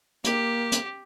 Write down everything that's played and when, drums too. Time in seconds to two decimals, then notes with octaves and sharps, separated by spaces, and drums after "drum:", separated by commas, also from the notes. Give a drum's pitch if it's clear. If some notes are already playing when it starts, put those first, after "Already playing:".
0.24 A#3 G4, drum: hi-hat
0.72 drum: hi-hat